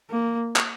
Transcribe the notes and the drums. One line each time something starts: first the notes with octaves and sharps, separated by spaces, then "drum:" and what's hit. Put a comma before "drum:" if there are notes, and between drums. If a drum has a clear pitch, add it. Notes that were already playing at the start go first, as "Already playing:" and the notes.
A#3
drum: clap